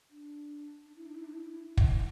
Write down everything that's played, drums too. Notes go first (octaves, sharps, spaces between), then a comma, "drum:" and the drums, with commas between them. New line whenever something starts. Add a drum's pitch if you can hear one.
D4
D4
E4
D4
E4
D4
E4
drum: kick